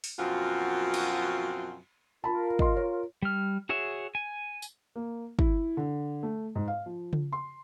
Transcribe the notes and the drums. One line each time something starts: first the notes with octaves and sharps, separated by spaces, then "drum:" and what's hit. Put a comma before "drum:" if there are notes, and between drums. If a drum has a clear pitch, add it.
drum: open hi-hat
F#2 B2 F3 C4 F4 F#4
drum: cymbal
F4 A#4 A5 B5
D#5 C6, drum: kick
C#5
G3 F6
F#4 G#4 C#5 E5
G#5
drum: tambourine
A#3
E4, drum: kick
D3
A3
G#2
F5
F3
drum: tom C#3
C6